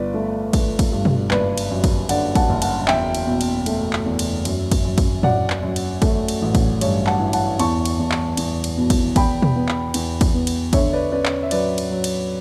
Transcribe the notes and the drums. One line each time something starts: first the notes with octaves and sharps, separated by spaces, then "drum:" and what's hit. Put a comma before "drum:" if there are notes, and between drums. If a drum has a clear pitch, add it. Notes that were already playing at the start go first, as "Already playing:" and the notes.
Already playing: G1 B4 D5
A3
A3, drum: kick, cymbal
drum: kick, cymbal
G2
drum: tom B2
F#1 B4 D5, drum: clap
drum: cymbal
F#2
drum: kick, cymbal
D3 D5 F#5, drum: cymbal
F#5 A5, drum: kick, cymbal
F#1
F#5 A5, drum: cymbal
E2 E5 G5, drum: clap
drum: cymbal
B2
drum: cymbal
A3, drum: cymbal
drum: clap
E2
drum: cymbal
F#2, drum: cymbal
drum: kick, cymbal
F#2
drum: kick, cymbal
F#2 D5 F#5, drum: tom A2
drum: clap
F#2
drum: cymbal
A3, drum: kick, cymbal
drum: cymbal
A1
drum: kick, cymbal
G2 C#5, drum: cymbal
F#5 A5, drum: clap
E3
F#5 A5, drum: cymbal
E2 A5 C#6, drum: cymbal
drum: cymbal
E2
drum: clap
E2, drum: cymbal
drum: cymbal
B2
drum: kick, cymbal
E2 G5 B5, drum: kick, cymbal
drum: tom B2
B3
drum: clap
E2, drum: cymbal
drum: kick, cymbal
B3
drum: cymbal
D3 C#5 E5, drum: kick, cymbal
B4 D5
C#4 B4 D5
drum: clap
E5
F#3 B4 D5, drum: cymbal
drum: cymbal
F#3
drum: cymbal